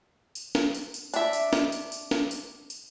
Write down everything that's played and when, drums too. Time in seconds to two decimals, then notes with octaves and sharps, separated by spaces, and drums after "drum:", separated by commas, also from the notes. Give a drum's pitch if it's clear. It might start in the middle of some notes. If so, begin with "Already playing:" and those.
0.35 drum: tambourine
0.55 drum: snare
0.74 drum: tambourine
0.94 drum: tambourine
1.14 D4 E5, drum: tambourine
1.33 drum: tambourine
1.53 drum: snare
1.72 drum: tambourine
1.92 drum: tambourine
2.11 drum: snare
2.31 drum: tambourine
2.70 drum: tambourine